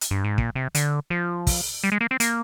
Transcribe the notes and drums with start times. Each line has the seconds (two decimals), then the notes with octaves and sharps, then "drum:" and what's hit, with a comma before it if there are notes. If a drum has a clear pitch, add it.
0.01 drum: hi-hat
0.11 G2
0.24 G#2
0.38 A#2, drum: kick
0.55 C3
0.75 D3, drum: hi-hat
1.10 F3
1.47 drum: kick, open hi-hat
1.84 G3
1.92 G#3
2.01 A#3
2.11 C4
2.20 A#3, drum: hi-hat